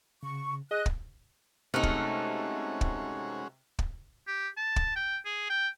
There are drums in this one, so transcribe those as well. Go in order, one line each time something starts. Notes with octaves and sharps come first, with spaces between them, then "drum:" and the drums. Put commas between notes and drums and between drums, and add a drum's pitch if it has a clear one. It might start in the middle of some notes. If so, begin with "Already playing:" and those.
C#3 C#6
G#4 D#5 F#6
drum: kick
C3 G#3 A3 C#4 D#4 F#4 F6 F#6
drum: kick
drum: kick
drum: kick
G4
A5
drum: kick
G5
G#4
G5